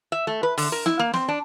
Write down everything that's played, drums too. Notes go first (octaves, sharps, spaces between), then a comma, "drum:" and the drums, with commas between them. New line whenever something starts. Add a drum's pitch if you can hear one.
E5
A3
B4
D3, drum: open hi-hat
A#4
E4, drum: snare
A#3
C4, drum: snare
D4